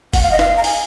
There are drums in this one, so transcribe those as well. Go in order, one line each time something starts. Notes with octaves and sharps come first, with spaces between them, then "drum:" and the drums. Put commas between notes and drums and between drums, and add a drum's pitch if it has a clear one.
F#5, drum: kick, open hi-hat
F5
D#5
F5, drum: snare
A#5
G#5, drum: open hi-hat